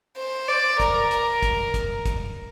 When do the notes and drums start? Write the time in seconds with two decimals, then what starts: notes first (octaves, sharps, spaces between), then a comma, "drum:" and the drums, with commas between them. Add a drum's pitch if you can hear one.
0.17 C5
0.48 D5
0.80 A#4, drum: kick, hi-hat
1.11 drum: hi-hat
1.43 drum: kick, hi-hat
1.74 drum: kick, hi-hat
2.06 drum: kick, hi-hat